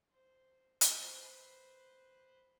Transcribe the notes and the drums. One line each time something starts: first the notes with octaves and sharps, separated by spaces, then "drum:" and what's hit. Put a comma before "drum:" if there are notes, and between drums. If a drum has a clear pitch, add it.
C5
drum: hi-hat
B4 C5